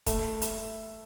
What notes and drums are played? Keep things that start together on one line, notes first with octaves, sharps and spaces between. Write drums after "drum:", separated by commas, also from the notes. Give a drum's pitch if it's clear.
A3, drum: kick, hi-hat
drum: hi-hat